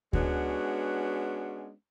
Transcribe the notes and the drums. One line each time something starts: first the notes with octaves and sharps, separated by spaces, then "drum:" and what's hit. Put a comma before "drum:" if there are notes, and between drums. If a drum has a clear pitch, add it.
G#3 B3 C#4 D4 F#4, drum: kick D2